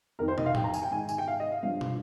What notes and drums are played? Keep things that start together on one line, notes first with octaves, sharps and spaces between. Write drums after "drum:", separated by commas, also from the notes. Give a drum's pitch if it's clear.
F2 D#3 A#4
C5
D#5, drum: tom
F5
G5, drum: tom
A#5
G#5, drum: tambourine
G5
G#2 D#3 G#5
G#5, drum: tambourine
G5
F5
D#5
F5
G2 F3 F5
drum: tom